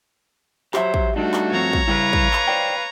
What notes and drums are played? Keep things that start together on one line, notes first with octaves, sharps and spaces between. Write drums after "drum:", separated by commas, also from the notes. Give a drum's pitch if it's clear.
F#3 G4 C5 E5, drum: clap
drum: kick
G3 A3 D4 D#4 F#4
drum: clap
G2 F3 C4 C#5 A#5
drum: kick
C#3 G3 E4 B4 F5
drum: kick
drum: clap
C5 D5 G5